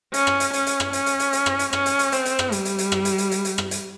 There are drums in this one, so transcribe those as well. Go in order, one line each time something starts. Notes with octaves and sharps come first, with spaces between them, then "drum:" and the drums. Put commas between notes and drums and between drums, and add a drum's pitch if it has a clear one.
C#4, drum: hi-hat
drum: rim click
drum: hi-hat
C#4, drum: hi-hat
drum: hi-hat
drum: rim click
C#4, drum: hi-hat
drum: hi-hat
drum: hi-hat
drum: hi-hat
drum: rim click
drum: hi-hat
C#4, drum: rim click
drum: hi-hat
drum: hi-hat
C4, drum: hi-hat
drum: hi-hat
drum: rim click
G3, drum: hi-hat
drum: hi-hat
drum: hi-hat
drum: rim click
drum: hi-hat
drum: hi-hat
drum: hi-hat
drum: hi-hat
drum: rim click
drum: hi-hat